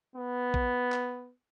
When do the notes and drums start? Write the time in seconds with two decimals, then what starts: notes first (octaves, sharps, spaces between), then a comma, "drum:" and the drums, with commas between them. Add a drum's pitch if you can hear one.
0.16 B3
0.54 drum: kick
0.92 drum: clap